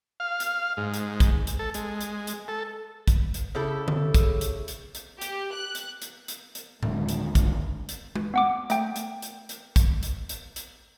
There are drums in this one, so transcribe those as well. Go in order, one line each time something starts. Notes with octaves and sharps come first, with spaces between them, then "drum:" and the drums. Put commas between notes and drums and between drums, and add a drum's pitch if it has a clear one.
F5
drum: hi-hat
G#2
drum: hi-hat
drum: kick, hi-hat
drum: hi-hat
A4
G#3, drum: hi-hat
drum: hi-hat
drum: hi-hat
A4
drum: kick, hi-hat
drum: hi-hat
C#3 E4 G4 A4
drum: tom D3
drum: kick, hi-hat
drum: hi-hat
drum: hi-hat
drum: hi-hat
G4, drum: hi-hat
F#6
drum: hi-hat
drum: hi-hat
drum: hi-hat
drum: hi-hat
D1 D#2 D3 G#3, drum: tom A2
drum: hi-hat
drum: kick, hi-hat
drum: hi-hat
drum: tom G#3
B3 F#5 D6
A3 G5, drum: hi-hat
drum: hi-hat
drum: hi-hat
drum: hi-hat
drum: kick, hi-hat
drum: hi-hat
drum: hi-hat
drum: hi-hat